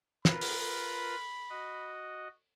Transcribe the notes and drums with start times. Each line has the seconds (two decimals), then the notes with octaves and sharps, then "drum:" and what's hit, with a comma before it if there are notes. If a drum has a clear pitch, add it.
0.25 F4 A#4 B4 B5, drum: snare
0.41 drum: open hi-hat
1.49 F#4 D#5